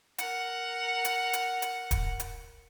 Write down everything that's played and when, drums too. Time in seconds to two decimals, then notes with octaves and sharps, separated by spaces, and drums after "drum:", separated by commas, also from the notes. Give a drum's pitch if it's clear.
0.18 A#4 F#5, drum: hi-hat
1.05 drum: hi-hat
1.33 drum: hi-hat
1.62 drum: hi-hat
1.91 drum: kick, hi-hat
2.20 drum: hi-hat